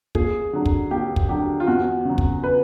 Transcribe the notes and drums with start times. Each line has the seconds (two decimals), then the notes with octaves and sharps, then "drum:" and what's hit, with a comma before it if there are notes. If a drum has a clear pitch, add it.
0.15 D#2 G#4, drum: kick
0.53 D3 F#3
0.66 drum: kick
0.91 D#2 G4
1.16 drum: kick
1.29 D3 F#3 G4
1.60 F4
1.67 E2 F#4
2.05 C#3 F#3
2.18 drum: kick
2.44 B4